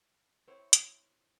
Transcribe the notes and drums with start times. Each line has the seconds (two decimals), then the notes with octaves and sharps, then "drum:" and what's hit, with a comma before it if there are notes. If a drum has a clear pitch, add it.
0.47 C4 E4 C5 C#5
0.73 drum: hi-hat